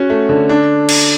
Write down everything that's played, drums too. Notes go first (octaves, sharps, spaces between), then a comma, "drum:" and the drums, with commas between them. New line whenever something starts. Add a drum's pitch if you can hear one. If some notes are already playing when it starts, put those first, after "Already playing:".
Already playing: C#4 F#4
A3
D3
D4
drum: cymbal